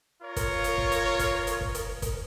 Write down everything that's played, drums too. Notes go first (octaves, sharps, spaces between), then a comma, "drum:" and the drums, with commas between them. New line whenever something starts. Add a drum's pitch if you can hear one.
F4 A#4 C#5
drum: kick, hi-hat
drum: hi-hat
drum: kick
drum: hi-hat
drum: kick, hi-hat
drum: hi-hat
drum: kick
drum: hi-hat
drum: kick, hi-hat